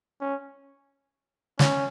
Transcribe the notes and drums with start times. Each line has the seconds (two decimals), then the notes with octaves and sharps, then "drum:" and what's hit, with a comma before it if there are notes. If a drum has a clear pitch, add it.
0.21 C#4
1.59 C#4, drum: snare